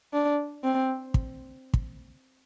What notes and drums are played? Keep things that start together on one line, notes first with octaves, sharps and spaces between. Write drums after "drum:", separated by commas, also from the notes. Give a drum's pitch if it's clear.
D4
C4
drum: kick
drum: kick